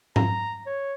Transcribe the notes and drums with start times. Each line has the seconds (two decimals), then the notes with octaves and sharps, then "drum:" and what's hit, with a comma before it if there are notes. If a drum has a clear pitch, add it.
0.16 A#5, drum: tom G#2
0.66 C#5